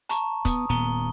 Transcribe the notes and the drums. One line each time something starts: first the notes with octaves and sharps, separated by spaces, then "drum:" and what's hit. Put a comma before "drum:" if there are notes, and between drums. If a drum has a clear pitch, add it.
A5 A#5 C#6, drum: hi-hat
B3 D#6, drum: kick, hi-hat
D#1 A#2 B3 A#5 G7